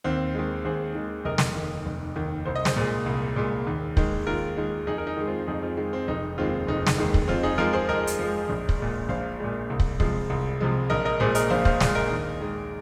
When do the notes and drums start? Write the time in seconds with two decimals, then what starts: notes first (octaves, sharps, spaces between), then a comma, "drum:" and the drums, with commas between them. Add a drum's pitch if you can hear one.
0.04 D#2 C4
0.35 D#3 G#3
0.65 D#2 G#4 C5
0.95 D#3 G#3
1.25 F1 A#4 D#5
1.38 drum: snare
1.55 D#2 D#3
1.86 F1
2.16 D#2 D#3
2.45 C2 C5
2.55 D#5
2.65 G#4 C5, drum: snare
2.76 A#2 G#3
3.06 C2
3.36 A#2 G#3
3.67 D#2
3.97 D#3 G#3, drum: kick
4.27 D#2 F4 A#4
4.57 D#3 G#3
4.87 F2 D#4 G#4
4.98 A#4
5.07 D#4 G#4
5.17 D#3 G#3
5.27 C4 F4
5.47 F2 D#4 G#4
5.62 C4 F4
5.77 D#3 G#3
5.93 C4
6.08 F1 D#4
6.38 D#2 D#3 G#3 C4 F4
6.67 F1 D#4
6.87 drum: snare
6.98 D#2 D#3 G#3
7.14 drum: kick
7.28 F2 C4 F4
7.43 D#4 G#4
7.58 F3 G#3 F4 A#4
7.73 G#4 C5
7.89 F2 A#4 D#5
8.07 drum: hi-hat
8.19 F3 G#3
8.49 A#1
8.69 drum: kick
8.80 A#2 G#3
9.09 A#1 C5 F5
9.40 A#2 G#3
9.70 C2
9.80 drum: kick
10.00 C3 F3 G#3, drum: kick
10.30 C2
10.60 C3 F3 G#3
10.90 A#1 A#4 D#5
11.05 A#4 D#5
11.20 A#2 G#3 G#4 C5
11.35 A#4 D#5, drum: hi-hat
11.50 A#1 C5 F5
11.65 C5 F5, drum: kick
11.80 A#2 G#3, drum: snare
11.95 A#4 D#5
12.10 D#2
12.41 D#3 G#3